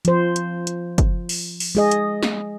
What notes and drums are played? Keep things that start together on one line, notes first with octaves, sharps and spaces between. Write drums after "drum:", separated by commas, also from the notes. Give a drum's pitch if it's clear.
F3 C5, drum: hi-hat
drum: hi-hat
drum: hi-hat
drum: kick, hi-hat
drum: open hi-hat
drum: open hi-hat
G#3 G#4 D#5
drum: hi-hat
drum: snare